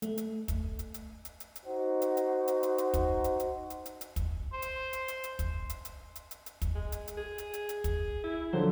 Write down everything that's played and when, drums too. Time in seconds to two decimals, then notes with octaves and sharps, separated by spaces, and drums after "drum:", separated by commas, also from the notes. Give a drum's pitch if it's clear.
0.02 A3, drum: hi-hat
0.18 drum: hi-hat
0.48 drum: kick, hi-hat
0.79 drum: hi-hat
0.94 drum: hi-hat
1.25 drum: hi-hat
1.40 drum: hi-hat
1.56 drum: hi-hat
1.66 D#4 F#4 C5
2.02 drum: hi-hat
2.17 drum: hi-hat
2.48 drum: hi-hat
2.63 drum: hi-hat
2.78 drum: hi-hat
2.94 drum: kick, hi-hat
3.24 drum: hi-hat
3.40 drum: hi-hat
3.70 drum: hi-hat
3.86 drum: hi-hat
4.01 drum: hi-hat
4.16 drum: kick, hi-hat
4.53 C5
4.62 drum: hi-hat
4.93 drum: hi-hat
5.08 drum: hi-hat
5.24 drum: hi-hat
5.39 drum: kick, hi-hat
5.70 drum: hi-hat
5.85 drum: hi-hat
6.16 drum: hi-hat
6.31 drum: hi-hat
6.46 drum: hi-hat
6.62 drum: kick, hi-hat
6.75 G#3
6.92 drum: hi-hat
7.08 drum: hi-hat
7.17 G#4
7.38 drum: hi-hat
7.54 drum: hi-hat
7.69 drum: hi-hat
7.84 drum: kick, hi-hat
8.24 E4
8.53 D3 F3 F#3 C5